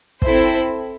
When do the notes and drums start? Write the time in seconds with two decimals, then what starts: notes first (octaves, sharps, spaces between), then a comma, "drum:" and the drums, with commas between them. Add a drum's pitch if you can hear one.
0.22 C4 E4 A4 C5, drum: kick
0.47 drum: hi-hat